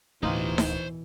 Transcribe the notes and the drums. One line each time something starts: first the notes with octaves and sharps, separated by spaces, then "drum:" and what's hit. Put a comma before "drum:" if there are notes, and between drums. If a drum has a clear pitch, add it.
D1 B2 E3 D#4 F4 G4 C5 B5
drum: snare D#4